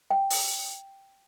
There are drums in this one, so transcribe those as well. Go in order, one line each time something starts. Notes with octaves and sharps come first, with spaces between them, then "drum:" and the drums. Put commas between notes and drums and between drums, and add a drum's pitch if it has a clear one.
G5
drum: open hi-hat